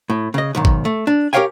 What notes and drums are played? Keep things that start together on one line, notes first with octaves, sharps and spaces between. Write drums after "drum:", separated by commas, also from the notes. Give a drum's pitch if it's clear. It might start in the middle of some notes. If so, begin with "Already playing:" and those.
A2
C#3 D#5
B1 G#2 D#3
drum: kick G#1
A3
D4
G4 A#4 C#5 F5 G5 G#5